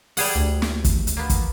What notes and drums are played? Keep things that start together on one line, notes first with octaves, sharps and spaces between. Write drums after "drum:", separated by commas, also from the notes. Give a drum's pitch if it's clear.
G3 G#4 F#5, drum: open hi-hat
D2
drum: snare
drum: kick, hi-hat
drum: hi-hat
A#3 B3
drum: kick, hi-hat